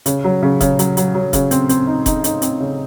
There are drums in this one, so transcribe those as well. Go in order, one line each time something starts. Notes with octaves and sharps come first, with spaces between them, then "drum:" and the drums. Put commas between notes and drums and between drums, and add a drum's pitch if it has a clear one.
C#3, drum: hi-hat
F#3
C#3
C#3, drum: kick F1, hi-hat
F#3, drum: hi-hat
F#3, drum: hi-hat
F#3
C#3, drum: kick F1, hi-hat
C4, drum: hi-hat
C4, drum: hi-hat
D#4
D#4, drum: kick F1, hi-hat
D#4, drum: hi-hat
C4, drum: hi-hat
C#3